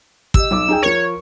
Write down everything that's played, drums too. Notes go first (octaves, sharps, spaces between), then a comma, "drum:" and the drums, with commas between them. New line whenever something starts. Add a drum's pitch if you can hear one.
G4 D#5 E6, drum: kick
B1 D6
D#4 G#4 G5
F3 A#4 C#5